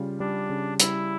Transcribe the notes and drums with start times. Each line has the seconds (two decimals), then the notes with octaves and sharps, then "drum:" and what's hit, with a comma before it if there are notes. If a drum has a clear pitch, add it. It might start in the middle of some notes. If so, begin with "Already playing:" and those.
Already playing: C#3 G3 F4
0.20 G3 D4
0.50 C#3
0.80 G3 E4, drum: hi-hat